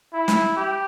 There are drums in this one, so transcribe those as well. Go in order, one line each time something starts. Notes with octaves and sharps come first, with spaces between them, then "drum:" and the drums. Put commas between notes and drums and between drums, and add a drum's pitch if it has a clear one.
E4
drum: snare
G4